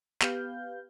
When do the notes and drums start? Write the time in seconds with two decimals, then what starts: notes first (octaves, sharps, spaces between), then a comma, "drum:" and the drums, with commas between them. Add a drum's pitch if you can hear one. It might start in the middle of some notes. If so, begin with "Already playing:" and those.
0.22 B3 G4 B4 F5 G6, drum: clap